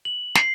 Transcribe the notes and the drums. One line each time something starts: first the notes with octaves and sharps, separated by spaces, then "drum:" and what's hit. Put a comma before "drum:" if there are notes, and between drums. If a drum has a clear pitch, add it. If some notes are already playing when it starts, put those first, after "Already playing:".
F#7
C7, drum: snare